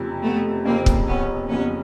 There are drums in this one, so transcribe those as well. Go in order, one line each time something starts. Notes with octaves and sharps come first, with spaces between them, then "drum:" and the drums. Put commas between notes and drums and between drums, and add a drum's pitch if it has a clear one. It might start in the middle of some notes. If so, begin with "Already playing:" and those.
Already playing: F#1 F2 C3
A3 B3
F#1 F2 C3 A#3 C4
drum: kick
B3 C#4
F#1 F2 C3 B3 C#4